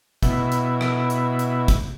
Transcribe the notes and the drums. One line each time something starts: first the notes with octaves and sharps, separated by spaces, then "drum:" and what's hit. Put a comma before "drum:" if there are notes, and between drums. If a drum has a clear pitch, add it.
B2 E4, drum: kick, hi-hat
drum: hi-hat
drum: rim click
drum: hi-hat
drum: hi-hat
drum: kick, hi-hat